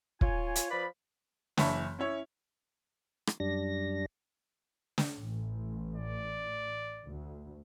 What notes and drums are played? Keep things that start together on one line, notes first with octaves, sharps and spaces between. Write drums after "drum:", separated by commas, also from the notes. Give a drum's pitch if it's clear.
F4 C#5 G#5, drum: kick
drum: hi-hat
F3 B4 D5 B5
F#1 E3 C#5 E5 A5 B5, drum: snare
C#4 E4 C#5
drum: rim click
F#2 G3 D4 A#6
drum: snare
A1
D5
D2